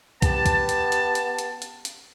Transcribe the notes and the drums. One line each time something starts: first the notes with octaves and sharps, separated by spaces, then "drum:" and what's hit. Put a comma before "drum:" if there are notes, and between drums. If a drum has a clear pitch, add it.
B3 G4 A5, drum: kick C2, hi-hat
drum: kick C2, hi-hat
drum: hi-hat
drum: hi-hat
drum: hi-hat
drum: hi-hat
drum: hi-hat
drum: hi-hat